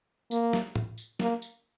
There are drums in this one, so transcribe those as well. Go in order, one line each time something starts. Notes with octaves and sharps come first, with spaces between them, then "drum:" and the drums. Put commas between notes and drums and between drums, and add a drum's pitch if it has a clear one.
A#3, drum: tambourine
drum: snare
drum: tom
drum: tambourine
A#3, drum: snare
drum: tambourine